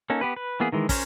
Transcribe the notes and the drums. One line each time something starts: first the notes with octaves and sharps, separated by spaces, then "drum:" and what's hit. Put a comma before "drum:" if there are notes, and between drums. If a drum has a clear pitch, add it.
A#3 C#4 D#4 A4
B3 G4 B4
B4
E3 A#3 B3 G#4
D#3 E3 G#3
C#4 A#4 C5 C#5, drum: kick, open hi-hat